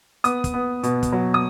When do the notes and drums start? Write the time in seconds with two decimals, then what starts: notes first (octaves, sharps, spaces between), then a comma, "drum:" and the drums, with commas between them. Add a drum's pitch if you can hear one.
0.24 B3 D#6, drum: hi-hat
0.44 drum: kick, hi-hat
0.54 B3
0.83 B2, drum: hi-hat
1.03 drum: kick, hi-hat
1.12 F#3
1.34 D#6